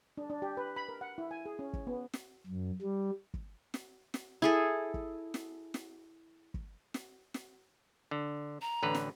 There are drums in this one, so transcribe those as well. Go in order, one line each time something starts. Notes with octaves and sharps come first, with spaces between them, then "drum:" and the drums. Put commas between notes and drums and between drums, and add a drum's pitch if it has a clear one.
D4
D4
G4
B4
B5
A#4
F#5
E4
G#5
G#4
C#4
drum: kick
B3
drum: snare
F#2
G3
drum: kick
drum: snare
drum: snare
E4 G#4 A4
drum: kick
drum: snare
drum: snare
drum: kick
drum: snare
drum: snare
D3
A#5
A1 D3 B4
drum: snare